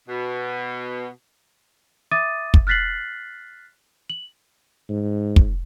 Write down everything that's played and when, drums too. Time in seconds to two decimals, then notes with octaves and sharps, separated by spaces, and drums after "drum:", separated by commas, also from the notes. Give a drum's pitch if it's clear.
0.08 B2
2.12 E5 D6 D#6 A6 D#7
2.54 drum: kick
2.67 F6 F#6 A6 B6 C7 F#7
4.10 F#7
4.89 G#2
5.36 drum: kick